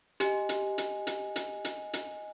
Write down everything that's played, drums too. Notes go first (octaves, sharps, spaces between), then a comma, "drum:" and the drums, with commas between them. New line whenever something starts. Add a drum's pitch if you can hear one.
G4 D#5 G#5, drum: hi-hat
drum: hi-hat
drum: hi-hat
drum: hi-hat
drum: hi-hat
drum: hi-hat
drum: hi-hat